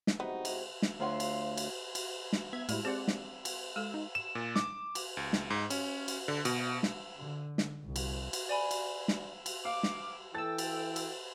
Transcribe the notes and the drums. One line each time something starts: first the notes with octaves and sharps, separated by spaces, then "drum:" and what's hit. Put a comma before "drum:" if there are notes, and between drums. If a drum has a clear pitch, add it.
drum: snare
C3 G#3 B3 D#4 E4 F#4
drum: cymbal
drum: snare
D2 F4 C#5 F#5 C6
drum: cymbal
drum: cymbal
drum: cymbal
drum: snare
B3 E5 G#6
A2 G3 G#3 E4, drum: cymbal
C4 G4 G#4 C5 D5 F#5
drum: snare
drum: cymbal
G#3 A4 E6
D#4
E7
A#2
D6, drum: snare
drum: cymbal
C#2
drum: snare
G#2
C#4, drum: cymbal
drum: cymbal
D3
B2, drum: cymbal
drum: snare
D3
drum: snare
C2
drum: cymbal
drum: cymbal
D5 G#5 B5
drum: cymbal
drum: snare
drum: cymbal
F5 D6
drum: snare
E3 A4 G5 E6 A6
drum: cymbal
drum: cymbal